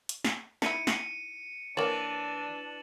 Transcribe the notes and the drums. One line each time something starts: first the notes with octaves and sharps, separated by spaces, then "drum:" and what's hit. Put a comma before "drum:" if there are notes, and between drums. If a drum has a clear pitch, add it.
drum: hi-hat
drum: snare
D#4 E4 C#7 D#7, drum: snare
drum: snare
E3 A#3 D4 C#5 A6 E7 F#7